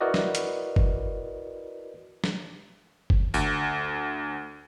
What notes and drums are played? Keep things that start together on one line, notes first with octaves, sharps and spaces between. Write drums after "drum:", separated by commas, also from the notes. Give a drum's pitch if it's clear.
E4 F#4 A#4 B4 D5 D#5
drum: snare
drum: hi-hat
drum: kick F#1
drum: snare
drum: kick F#1
D2, drum: tambourine